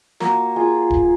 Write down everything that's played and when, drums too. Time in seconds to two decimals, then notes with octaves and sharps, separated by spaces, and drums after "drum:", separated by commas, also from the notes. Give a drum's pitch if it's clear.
0.20 A#3 F#4, drum: snare
0.56 F4 G#4
0.90 drum: kick D1